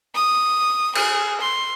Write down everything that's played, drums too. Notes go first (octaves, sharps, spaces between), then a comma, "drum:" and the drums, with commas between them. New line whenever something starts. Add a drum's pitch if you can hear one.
D#6
G#4, drum: cymbal
C6